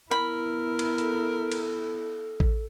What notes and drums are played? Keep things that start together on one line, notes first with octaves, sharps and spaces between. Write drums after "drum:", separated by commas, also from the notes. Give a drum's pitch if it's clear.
B3 E4 A#4 B5
drum: cymbal
A4, drum: hi-hat
drum: cymbal
drum: kick A1